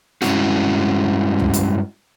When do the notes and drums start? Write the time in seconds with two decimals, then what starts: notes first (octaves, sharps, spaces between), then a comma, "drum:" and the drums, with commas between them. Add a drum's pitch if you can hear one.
0.22 G2 G#3 C#4 E4 F#4, drum: snare
1.39 drum: tom
1.54 drum: hi-hat